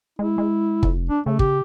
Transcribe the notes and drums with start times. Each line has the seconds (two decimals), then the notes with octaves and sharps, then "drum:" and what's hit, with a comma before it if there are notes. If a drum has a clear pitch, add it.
0.19 G#3 E4
0.38 G#3
0.83 F1, drum: kick
1.10 D4
1.26 C#3 A3
1.39 G4, drum: kick